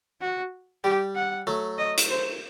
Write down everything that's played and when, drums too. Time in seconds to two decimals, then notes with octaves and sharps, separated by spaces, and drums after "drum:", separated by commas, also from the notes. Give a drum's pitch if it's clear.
0.21 F#4
0.84 G3 G4
1.15 F#5
1.47 F#3 A3
1.78 D#5
1.98 drum: hi-hat
2.10 C5